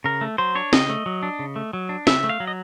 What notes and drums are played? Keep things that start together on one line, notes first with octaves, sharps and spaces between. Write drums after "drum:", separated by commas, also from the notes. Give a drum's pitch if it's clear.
C#3 A#4
A3
F#3 C5
D4 C#5
C#3 D#5, drum: snare
A3
F#3
D4
C#3
A3
F#3
D4
C#3 E5, drum: snare
A3
F5
F#3
D#5